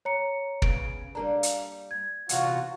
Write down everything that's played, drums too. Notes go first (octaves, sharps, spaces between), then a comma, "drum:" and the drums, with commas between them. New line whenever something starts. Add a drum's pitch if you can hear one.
C#5 A#5 C#7
C#3 B3 D7, drum: kick
G3 A#3 D4 A#5
drum: hi-hat
G#6
E2 C3 F4 F#4, drum: hi-hat